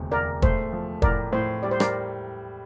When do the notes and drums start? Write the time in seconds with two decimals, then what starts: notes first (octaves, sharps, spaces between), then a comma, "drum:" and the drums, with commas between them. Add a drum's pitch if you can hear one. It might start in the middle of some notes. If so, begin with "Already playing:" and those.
Already playing: E1 D2 C3
0.12 E1 A#4 D5
0.42 A3 C5, drum: kick
0.72 F3
1.02 A2 A#4 D5, drum: kick
1.32 A2 C5
1.63 G3 D5
1.71 C5
1.80 A#4 D5, drum: rim click